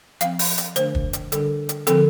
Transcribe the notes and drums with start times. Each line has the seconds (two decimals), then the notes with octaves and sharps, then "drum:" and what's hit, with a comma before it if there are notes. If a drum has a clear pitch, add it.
0.21 F3 C4 F5, drum: hi-hat
0.39 drum: open hi-hat
0.58 drum: hi-hat
0.76 D3 A3 D4 C5, drum: hi-hat
0.95 drum: kick
1.13 drum: hi-hat
1.32 D3 G3 D4 A4, drum: hi-hat
1.69 drum: hi-hat
1.87 D3 F3 C4 A4, drum: hi-hat